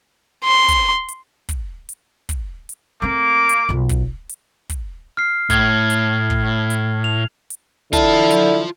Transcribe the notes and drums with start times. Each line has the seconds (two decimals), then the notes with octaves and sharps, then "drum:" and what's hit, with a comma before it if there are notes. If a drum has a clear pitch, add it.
0.44 C6
0.68 drum: kick, hi-hat
1.08 drum: hi-hat
1.49 drum: kick, hi-hat
1.89 drum: hi-hat
2.29 drum: kick, hi-hat
2.69 drum: hi-hat
3.02 A3 A#3 C4 D6
3.49 drum: hi-hat
3.69 B1 F4
3.89 drum: kick, hi-hat
4.29 drum: hi-hat
4.69 drum: kick, hi-hat
5.17 F6 C7
5.50 A2 F6 G#6, drum: kick, hi-hat
5.90 drum: hi-hat
6.30 drum: kick
6.70 drum: hi-hat
7.04 F7
7.50 drum: hi-hat
7.93 D3 E4 F4 A5, drum: kick, hi-hat
8.30 drum: hi-hat